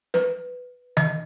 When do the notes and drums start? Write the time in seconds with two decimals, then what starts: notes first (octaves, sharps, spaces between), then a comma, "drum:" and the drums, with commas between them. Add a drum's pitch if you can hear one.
0.14 B4, drum: snare
0.97 D#5, drum: tom D#3